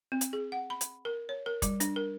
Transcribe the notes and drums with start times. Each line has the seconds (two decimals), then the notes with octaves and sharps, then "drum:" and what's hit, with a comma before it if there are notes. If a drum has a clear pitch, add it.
0.12 C4
0.21 drum: hi-hat
0.33 G#4
0.52 F#5
0.70 B5
0.81 drum: hi-hat
1.05 A#4
1.29 C#5
1.46 A#4
1.62 G3, drum: kick, hi-hat
1.80 D4, drum: hi-hat
1.96 A#4